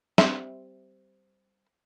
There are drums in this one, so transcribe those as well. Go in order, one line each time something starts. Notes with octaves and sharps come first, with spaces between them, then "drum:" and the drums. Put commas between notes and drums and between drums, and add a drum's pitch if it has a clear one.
G3 C4 E5, drum: snare